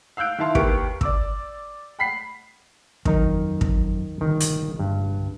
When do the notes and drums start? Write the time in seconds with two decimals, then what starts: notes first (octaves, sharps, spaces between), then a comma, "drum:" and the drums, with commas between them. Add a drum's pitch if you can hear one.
0.17 F5 E6 F#6 G6 D7
0.38 D#3 E4 E5 F5 A5 C6
0.55 D#2 G4 A#4 B4 C#6 D7, drum: kick
1.01 D5 D6 E6, drum: kick
1.99 F#5 G5 B5 B6 C7
3.05 F2 D#3 F#3 D#4 A#4, drum: kick
3.61 drum: kick
4.21 C2 D3 D#3 G3
4.40 drum: hi-hat
4.79 G2